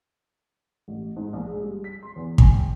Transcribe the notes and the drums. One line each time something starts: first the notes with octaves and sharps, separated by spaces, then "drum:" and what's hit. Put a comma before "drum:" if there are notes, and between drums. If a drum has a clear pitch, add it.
A1
G#2
A#1
G#3
G3
B6
C6
E2
G#5, drum: kick
G5